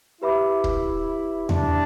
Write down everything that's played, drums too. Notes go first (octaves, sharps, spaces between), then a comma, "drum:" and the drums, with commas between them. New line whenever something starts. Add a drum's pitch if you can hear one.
E4 G4 B4 E5 B5 D6
drum: kick
D4, drum: tom E2